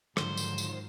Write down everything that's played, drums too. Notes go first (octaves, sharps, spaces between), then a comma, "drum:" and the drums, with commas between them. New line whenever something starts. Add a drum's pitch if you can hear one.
G#2 D3 D#3 F3 F#3 C5, drum: rim click
drum: tambourine
drum: tambourine